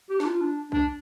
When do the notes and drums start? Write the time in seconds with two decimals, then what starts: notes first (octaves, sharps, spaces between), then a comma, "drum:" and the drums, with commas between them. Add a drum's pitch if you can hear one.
0.10 G4
0.20 D4, drum: snare
0.25 F4
0.41 D4
0.72 D4, drum: kick B1